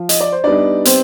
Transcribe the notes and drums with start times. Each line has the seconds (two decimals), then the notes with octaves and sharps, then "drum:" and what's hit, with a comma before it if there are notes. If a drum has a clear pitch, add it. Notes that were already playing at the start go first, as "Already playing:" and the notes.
Already playing: F3 F4
0.09 D#5, drum: hi-hat
0.21 D5
0.32 C5
0.44 G3 B3 D4 D#4 D5
0.85 C4 C5, drum: hi-hat